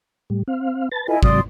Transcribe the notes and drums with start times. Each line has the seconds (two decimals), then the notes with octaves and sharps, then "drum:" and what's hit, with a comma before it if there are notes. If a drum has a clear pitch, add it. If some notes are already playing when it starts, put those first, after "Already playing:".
0.30 A2 G3
0.48 C4 F5
0.91 B4 A5 A6
1.08 E4 F4 A4 B4 D#5 G#5
1.23 G#2 C3 F#3 D5 C6 D#6, drum: kick